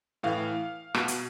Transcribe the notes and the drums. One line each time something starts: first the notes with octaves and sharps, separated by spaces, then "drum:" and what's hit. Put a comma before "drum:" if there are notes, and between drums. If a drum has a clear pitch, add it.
A2 E3 F5
B2, drum: rim click
drum: hi-hat